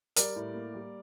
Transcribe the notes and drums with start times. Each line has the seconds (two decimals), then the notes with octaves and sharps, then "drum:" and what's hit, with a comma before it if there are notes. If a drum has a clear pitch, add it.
0.16 G3 A#4 D5, drum: hi-hat
0.36 A2
0.54 A#3
0.74 G3